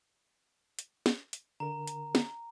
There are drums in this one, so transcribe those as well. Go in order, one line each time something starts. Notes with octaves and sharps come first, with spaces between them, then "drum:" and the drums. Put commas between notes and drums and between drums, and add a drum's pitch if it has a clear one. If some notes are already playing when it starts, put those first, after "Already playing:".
drum: hi-hat
drum: snare
drum: hi-hat
D3 A#4 A#5
drum: hi-hat
drum: snare